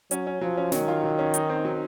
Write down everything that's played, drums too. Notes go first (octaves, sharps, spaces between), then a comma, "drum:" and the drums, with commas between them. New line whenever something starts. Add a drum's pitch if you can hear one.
F#3 C#4, drum: hi-hat
C#4
F3 F#3
C#4
D#3 F#3, drum: snare
F4
F#3
C#4
D#4, drum: hi-hat
C4
F#3